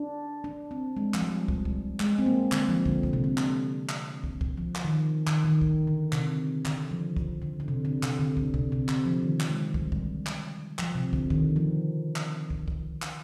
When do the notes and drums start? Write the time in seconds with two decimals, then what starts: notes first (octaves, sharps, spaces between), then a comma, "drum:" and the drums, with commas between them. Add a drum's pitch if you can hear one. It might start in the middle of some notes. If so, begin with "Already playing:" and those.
Already playing: D4
0.44 D4
0.71 C4
0.97 G#3
1.14 F3, drum: clap
1.22 G3
1.48 G3, drum: kick
1.65 drum: kick
2.00 G#3, drum: clap
2.18 C4
2.26 A#3
2.52 D3, drum: clap
2.68 F3
2.86 D3, drum: kick
3.03 D3, drum: kick
3.13 C3
3.24 D3
3.38 drum: clap
3.89 drum: clap
4.24 drum: kick
4.41 drum: kick
4.58 F3
4.75 drum: clap
4.85 D#3
5.27 D#3, drum: clap
5.45 D#3
5.61 drum: kick
5.87 D3
6.13 C3, drum: clap
6.65 D3, drum: clap
6.91 F3
7.16 drum: kick
7.42 D3
7.60 D3
7.68 C3
7.85 D3
8.03 C3, drum: clap
8.19 D3
8.37 D3, drum: kick
8.54 C3, drum: kick
8.72 C3
8.89 D3, drum: clap
9.05 F3
9.23 D#3
9.40 drum: clap
9.50 G#3
9.74 G3, drum: kick
9.92 drum: kick
10.26 drum: clap
10.79 F3, drum: clap
10.95 C3
11.13 D3, drum: kick
11.30 D#3, drum: kick
11.56 F3
12.16 drum: clap
12.50 drum: kick
12.68 drum: kick
13.02 drum: clap